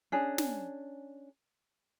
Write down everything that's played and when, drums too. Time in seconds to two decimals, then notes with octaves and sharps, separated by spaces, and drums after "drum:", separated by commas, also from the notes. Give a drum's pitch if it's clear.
0.12 C#4 D4 G#4
0.38 drum: snare